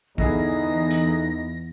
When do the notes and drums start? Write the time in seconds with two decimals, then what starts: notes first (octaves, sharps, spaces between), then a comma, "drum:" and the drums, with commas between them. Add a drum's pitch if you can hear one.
0.18 E2 D3 D#4 E4 G#4 A#6, drum: kick A#1
0.91 drum: hi-hat